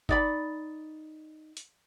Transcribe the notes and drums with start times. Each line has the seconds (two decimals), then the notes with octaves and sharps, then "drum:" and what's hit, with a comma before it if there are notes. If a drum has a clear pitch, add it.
0.09 D#4 D5 B5, drum: kick G1
1.57 drum: hi-hat